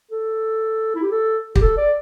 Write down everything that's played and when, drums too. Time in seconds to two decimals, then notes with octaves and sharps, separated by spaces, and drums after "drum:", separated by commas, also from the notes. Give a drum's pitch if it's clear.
0.11 A4
0.95 E4
1.02 G4
1.11 A4
1.56 G4, drum: kick
1.61 A4
1.78 D5